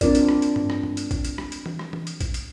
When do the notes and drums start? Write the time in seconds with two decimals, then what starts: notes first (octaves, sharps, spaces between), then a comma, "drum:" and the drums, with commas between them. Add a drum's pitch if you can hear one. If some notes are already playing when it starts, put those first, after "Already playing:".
0.01 C4 D4 F4 A#4 D5, drum: kick A#1, hi-hat
0.15 drum: hi-hat
0.29 drum: rim click
0.42 drum: hi-hat
0.56 drum: tom G2
0.70 drum: rim click
0.83 drum: tom G2
0.97 drum: hi-hat
1.11 drum: kick A#1, hi-hat
1.25 drum: hi-hat
1.38 drum: rim click
1.52 drum: hi-hat
1.66 drum: tom E3
1.79 drum: rim click
1.93 drum: tom E3
2.07 drum: hi-hat
2.21 drum: kick A#1, hi-hat
2.34 drum: hi-hat